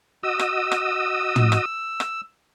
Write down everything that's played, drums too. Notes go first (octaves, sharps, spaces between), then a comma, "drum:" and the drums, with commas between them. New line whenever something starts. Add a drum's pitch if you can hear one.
F#4 D#5 D#6 E6
drum: rim click
drum: rim click
drum: tom
drum: rim click
drum: rim click